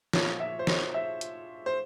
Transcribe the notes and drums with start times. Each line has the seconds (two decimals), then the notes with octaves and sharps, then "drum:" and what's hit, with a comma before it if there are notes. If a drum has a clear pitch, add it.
0.13 A#2 F3 C#5, drum: snare
0.40 E5
0.59 C5
0.67 C#5, drum: snare
0.94 E5
1.21 drum: hi-hat
1.66 C5